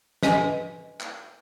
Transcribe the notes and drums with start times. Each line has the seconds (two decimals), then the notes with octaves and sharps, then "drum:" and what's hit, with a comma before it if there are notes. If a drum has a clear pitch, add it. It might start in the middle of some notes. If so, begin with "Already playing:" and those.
0.23 B4 D#5 G#5, drum: snare
1.00 drum: clap